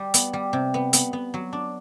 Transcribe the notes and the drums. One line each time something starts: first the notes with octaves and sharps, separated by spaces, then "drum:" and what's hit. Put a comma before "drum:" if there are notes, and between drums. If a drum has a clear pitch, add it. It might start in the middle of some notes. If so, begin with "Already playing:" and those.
Already playing: G3
B3, drum: hi-hat
G3
C3
B3
B3, drum: hi-hat
B3
F#3
D4